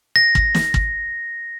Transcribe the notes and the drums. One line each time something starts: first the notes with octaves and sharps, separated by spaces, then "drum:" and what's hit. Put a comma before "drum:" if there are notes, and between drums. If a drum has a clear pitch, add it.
A#6
drum: kick
drum: snare
drum: kick